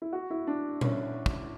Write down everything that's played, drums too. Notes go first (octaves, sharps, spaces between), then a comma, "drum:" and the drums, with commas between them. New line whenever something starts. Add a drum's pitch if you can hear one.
E4
F#4
E4
D4
C#4, drum: tom A#2
drum: kick